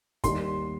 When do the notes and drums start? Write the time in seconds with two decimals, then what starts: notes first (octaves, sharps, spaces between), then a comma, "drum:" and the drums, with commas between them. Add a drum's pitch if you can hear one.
0.24 D#2 D#3 G3 C6, drum: kick, hi-hat